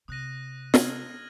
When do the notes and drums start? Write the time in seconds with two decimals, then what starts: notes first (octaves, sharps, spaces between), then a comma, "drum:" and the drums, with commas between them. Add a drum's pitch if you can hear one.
0.08 C3 D#6 F#6 A#6 D#7
0.74 F6 G#6 D#7 F#7, drum: snare